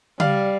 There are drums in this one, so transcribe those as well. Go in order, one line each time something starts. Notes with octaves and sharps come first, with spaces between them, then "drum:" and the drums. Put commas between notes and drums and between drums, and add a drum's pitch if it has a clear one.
G3 D5 F5, drum: tom C#3